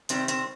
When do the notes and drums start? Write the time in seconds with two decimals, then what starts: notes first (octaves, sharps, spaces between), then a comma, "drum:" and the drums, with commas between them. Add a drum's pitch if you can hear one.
0.09 C3 D#3 G3 C4, drum: hi-hat
0.28 C4, drum: hi-hat